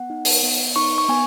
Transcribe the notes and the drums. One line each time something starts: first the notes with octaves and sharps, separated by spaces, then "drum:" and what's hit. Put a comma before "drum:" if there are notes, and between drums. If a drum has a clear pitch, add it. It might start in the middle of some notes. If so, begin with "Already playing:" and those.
Already playing: B3 F#5
D#4
drum: open hi-hat
B3
D#4 C#6
C#6
B3 G#5